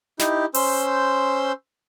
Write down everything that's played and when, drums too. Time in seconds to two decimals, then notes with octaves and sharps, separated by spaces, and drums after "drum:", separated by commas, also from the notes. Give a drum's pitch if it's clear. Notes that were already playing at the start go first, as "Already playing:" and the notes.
0.19 D#4 E4 G4, drum: snare
0.54 C#4 C5 C6 E6 G6, drum: open hi-hat